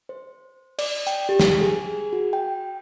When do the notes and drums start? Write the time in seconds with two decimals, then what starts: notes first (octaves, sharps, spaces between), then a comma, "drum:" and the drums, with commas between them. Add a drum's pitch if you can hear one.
0.09 C5
0.79 D5, drum: cymbal
1.07 G5, drum: hi-hat
1.29 G4
1.40 drum: snare
1.61 G#4
2.13 F#4
2.33 G5